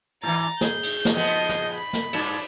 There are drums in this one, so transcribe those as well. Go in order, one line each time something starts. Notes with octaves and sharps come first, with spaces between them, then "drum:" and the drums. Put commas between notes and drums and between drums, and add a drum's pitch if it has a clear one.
G#2 E3 A#5 A6
G#4 G6, drum: snare
drum: cymbal
drum: snare
F3 G#3 B3 D#5 G6
drum: cymbal
drum: snare
B5
drum: snare
G2 D5, drum: cymbal